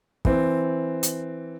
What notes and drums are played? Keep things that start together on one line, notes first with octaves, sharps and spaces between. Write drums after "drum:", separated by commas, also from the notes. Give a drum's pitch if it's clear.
E3 C4, drum: kick
drum: hi-hat